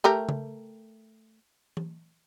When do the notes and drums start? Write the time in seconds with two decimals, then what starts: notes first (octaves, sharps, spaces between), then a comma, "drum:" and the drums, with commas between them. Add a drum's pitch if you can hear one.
0.04 A3 G4 A#4
0.29 drum: tom C#3
1.77 drum: tom